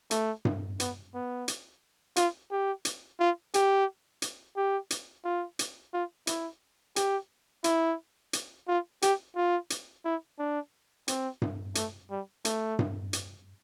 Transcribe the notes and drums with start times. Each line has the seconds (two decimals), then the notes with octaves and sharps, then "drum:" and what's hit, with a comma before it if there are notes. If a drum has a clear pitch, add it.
0.11 A3, drum: hi-hat
0.45 drum: tom G2
0.80 B3, drum: hi-hat
1.14 B3
1.48 drum: hi-hat
2.16 F4, drum: hi-hat
2.51 G4
2.85 drum: hi-hat
3.20 F4
3.54 G4, drum: hi-hat
4.22 drum: hi-hat
4.57 G4
4.90 drum: hi-hat
5.25 F4
5.59 drum: hi-hat
5.93 F4
6.27 E4, drum: hi-hat
6.96 G4, drum: hi-hat
7.64 E4, drum: hi-hat
8.33 drum: hi-hat
8.68 F4
9.02 G4, drum: hi-hat
9.36 F4
9.70 drum: hi-hat
10.05 E4
10.39 D4
11.08 C4, drum: hi-hat
11.42 drum: tom G2
11.75 A3, drum: hi-hat
12.10 G3
12.45 A3, drum: hi-hat
12.79 drum: tom G2
13.13 drum: hi-hat